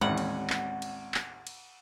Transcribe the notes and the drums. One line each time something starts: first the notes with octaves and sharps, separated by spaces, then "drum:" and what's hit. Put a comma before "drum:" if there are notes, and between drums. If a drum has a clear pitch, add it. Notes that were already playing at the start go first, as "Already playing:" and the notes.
A1 D#2 G3 G#3 C4 F#5
drum: cymbal
drum: clap
drum: cymbal
drum: clap
drum: cymbal